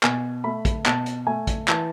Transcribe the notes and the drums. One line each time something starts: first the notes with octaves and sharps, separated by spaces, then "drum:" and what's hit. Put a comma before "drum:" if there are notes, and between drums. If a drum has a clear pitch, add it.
B2 G#5, drum: clap
A3 B5
drum: kick, hi-hat
B2 A5, drum: clap
drum: hi-hat
A3 G#5
drum: kick, hi-hat
E3 A5, drum: clap